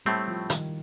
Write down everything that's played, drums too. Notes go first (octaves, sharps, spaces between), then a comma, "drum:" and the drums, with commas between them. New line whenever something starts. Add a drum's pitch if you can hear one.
A2 G3 A3 C4
F3
D#3, drum: hi-hat